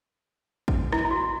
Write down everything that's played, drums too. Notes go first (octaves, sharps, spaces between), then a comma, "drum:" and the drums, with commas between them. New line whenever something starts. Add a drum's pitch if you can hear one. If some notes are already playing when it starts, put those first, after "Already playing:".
drum: kick G#1
E4, drum: rim click
E4
F#4